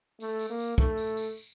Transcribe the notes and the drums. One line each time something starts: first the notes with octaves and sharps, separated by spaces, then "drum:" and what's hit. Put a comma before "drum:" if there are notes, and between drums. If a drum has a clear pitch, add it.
A3, drum: tambourine
drum: tambourine
A#3
drum: tambourine
A3, drum: kick
drum: tambourine
drum: tambourine
drum: tambourine